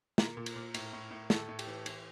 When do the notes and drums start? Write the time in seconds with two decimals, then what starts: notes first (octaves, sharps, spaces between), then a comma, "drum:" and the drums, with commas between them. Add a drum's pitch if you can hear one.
0.18 A#2 A#4, drum: snare
0.37 A#2
0.46 drum: cymbal
0.56 A#2
0.74 A2, drum: cymbal
0.93 A2
1.11 A2
1.30 A2 A4, drum: snare
1.49 A2
1.59 G4, drum: cymbal
1.67 E3
1.86 E3, drum: cymbal